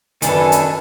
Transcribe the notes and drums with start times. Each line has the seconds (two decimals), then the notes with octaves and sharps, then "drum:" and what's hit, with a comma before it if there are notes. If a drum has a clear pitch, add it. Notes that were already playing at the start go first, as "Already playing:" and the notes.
0.22 F#2 D#3 D4 A4 B4 G#5, drum: hi-hat
0.52 drum: hi-hat